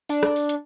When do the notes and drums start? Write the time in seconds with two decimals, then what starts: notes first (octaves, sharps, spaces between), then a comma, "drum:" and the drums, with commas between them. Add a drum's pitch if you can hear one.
0.09 D4, drum: open hi-hat
0.23 drum: rim click
0.36 drum: open hi-hat
0.49 drum: hi-hat